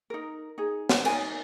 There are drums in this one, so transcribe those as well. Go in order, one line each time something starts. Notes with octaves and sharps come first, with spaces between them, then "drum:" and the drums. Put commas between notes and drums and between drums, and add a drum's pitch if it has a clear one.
D#4 A#4
D#4 G#4
drum: snare
D#4 A#4 G#5, drum: cymbal